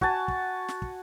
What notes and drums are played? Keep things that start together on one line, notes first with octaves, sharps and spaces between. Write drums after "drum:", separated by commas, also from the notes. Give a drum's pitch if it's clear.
F#4 G#5 A5, drum: kick
drum: kick
drum: snare
drum: kick